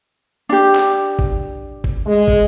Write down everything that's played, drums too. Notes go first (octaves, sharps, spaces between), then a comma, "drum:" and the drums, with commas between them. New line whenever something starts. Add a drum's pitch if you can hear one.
D4 G4
drum: clap
drum: kick
drum: kick
G#3
drum: kick